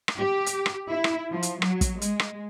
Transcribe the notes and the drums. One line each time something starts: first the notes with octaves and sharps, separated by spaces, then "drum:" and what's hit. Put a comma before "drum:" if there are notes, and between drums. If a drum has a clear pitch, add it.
drum: rim click
G4
drum: hi-hat
drum: rim click
E4
drum: rim click
F3
drum: hi-hat
F#3, drum: rim click
drum: kick, hi-hat
G#3, drum: hi-hat
drum: rim click